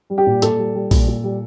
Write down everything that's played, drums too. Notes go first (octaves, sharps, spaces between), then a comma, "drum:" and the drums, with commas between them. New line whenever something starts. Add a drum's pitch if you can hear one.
G3
G4
A#2
A#2 A4, drum: hi-hat
G3
G3
A#2, drum: kick, open hi-hat
A#2
G3